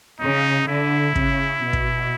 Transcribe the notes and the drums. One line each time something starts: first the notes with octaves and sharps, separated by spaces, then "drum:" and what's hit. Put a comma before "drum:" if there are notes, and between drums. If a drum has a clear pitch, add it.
C#3 D#4
D3 E4
C#3, drum: kick
B2
drum: kick